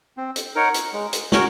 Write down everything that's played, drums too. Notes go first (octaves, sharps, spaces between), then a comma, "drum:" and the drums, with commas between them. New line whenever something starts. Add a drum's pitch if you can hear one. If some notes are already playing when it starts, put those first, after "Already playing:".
C4
drum: hi-hat
D#4 A#4 C#5 F#5
drum: hi-hat
G#3
drum: hi-hat
C#4 F#4 A#4 C#5, drum: snare